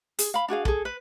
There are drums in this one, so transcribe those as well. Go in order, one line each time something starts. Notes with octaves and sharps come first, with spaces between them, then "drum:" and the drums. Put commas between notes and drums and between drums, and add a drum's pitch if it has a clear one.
G#4, drum: hi-hat
F5 B5
D4 F#4 G#4 F5
G#4 A4, drum: kick
B4